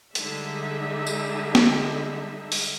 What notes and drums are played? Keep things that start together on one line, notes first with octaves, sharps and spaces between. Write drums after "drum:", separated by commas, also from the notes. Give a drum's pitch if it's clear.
D3 G3 G#3 D#4 G#4 E5, drum: hi-hat
drum: tambourine
drum: snare
drum: open hi-hat